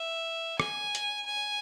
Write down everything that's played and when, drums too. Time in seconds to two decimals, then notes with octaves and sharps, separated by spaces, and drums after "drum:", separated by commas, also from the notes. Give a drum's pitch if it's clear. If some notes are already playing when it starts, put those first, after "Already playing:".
Already playing: E5
0.60 G#5, drum: rim click
0.95 drum: hi-hat
1.26 G#5